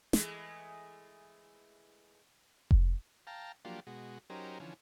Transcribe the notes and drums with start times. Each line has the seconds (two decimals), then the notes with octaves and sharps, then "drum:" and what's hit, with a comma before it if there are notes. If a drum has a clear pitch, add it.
0.13 E3 G#3 A3, drum: snare
2.71 drum: kick F1
3.27 F5 G5 A5 A#5
3.65 F3 F#3 A#3 D4 F4 G4
3.87 B2 G#3 F#4
4.30 F#3 C#4 D#4 G4 A#4 C5
4.60 D3 E3 F3 C#4